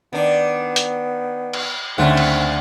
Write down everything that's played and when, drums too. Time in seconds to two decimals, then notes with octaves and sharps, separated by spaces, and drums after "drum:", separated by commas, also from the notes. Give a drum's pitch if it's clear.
0.13 D#3 B3 D4
0.76 drum: hi-hat
1.53 drum: cymbal
1.98 D2 C#3 A3 C4 F#5
2.17 drum: cymbal